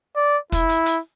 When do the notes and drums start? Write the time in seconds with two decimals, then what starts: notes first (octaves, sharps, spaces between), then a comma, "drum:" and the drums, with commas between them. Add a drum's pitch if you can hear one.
0.16 D5
0.52 E4, drum: kick, hi-hat
0.69 drum: hi-hat
0.86 drum: hi-hat